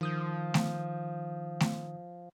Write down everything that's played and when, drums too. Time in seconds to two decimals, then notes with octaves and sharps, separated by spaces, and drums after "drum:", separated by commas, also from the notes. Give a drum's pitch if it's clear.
0.01 D#3 F3 D#6 G6
0.54 drum: snare A3
1.60 drum: snare A3